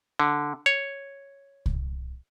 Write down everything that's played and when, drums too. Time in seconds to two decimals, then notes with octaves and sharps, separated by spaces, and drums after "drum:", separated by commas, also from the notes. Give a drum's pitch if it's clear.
0.20 D3
0.66 C#5
1.66 drum: kick C2